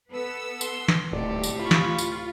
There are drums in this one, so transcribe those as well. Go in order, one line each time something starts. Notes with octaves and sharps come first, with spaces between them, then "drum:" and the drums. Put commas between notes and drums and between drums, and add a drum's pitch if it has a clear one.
B3 A4 B4 E6
C6, drum: tambourine
drum: snare
D#1 D2 A2 C3 A3 G4 D5 A5
drum: tambourine
F4 B5 C#6
drum: snare
drum: tambourine